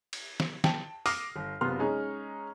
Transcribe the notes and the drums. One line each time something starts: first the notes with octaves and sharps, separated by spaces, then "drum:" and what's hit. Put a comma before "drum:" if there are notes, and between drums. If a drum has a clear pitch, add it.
drum: cymbal
drum: snare
G5 A5, drum: snare
D6 D#6 F6 A#6 C7, drum: open hi-hat
G1
F#1 C3 B3 F4 C6 F6
G#3 C#4 D#4 G#4